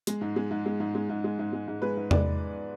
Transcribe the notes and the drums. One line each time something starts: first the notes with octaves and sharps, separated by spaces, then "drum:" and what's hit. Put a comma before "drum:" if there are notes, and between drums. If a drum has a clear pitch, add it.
G#3, drum: hi-hat
G#2
G#3
G#2
G#3
G#2
G#3
G#2
G#3
G#2
G#3
G#2
G#3 B4
G#2
G#3 D5, drum: tom E2